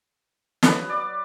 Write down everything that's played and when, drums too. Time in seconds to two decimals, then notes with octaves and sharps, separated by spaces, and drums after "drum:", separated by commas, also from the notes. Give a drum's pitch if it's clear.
0.63 F#3 B4 D#6, drum: snare
0.89 D5